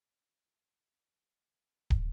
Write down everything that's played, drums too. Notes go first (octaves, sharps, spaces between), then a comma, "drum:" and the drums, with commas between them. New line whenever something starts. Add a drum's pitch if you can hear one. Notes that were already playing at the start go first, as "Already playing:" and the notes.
Already playing: D3 F#3 A3 C#4
G4
D#4
D#4
D#4
D#4
D4
G#3 B3 D#4 F#4
drum: kick